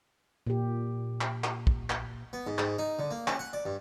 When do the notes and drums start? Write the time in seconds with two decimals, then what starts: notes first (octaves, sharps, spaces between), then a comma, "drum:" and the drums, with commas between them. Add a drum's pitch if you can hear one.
0.47 A#2 G4
1.21 drum: clap
1.44 drum: clap
1.67 drum: kick
1.90 drum: clap
2.33 B3
2.47 G#2
2.58 G#2, drum: clap
2.79 D#4
2.99 D3
3.11 A#3
3.27 C#4, drum: clap
3.39 F#5
3.53 D5
3.66 G2